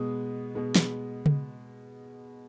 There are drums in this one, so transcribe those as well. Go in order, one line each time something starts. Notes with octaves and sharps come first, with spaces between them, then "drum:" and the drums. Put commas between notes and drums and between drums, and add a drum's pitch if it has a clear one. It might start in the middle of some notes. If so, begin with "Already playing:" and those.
Already playing: B2 G#3 B3 D#6
B2 G#3 B3
drum: snare
drum: tom C#3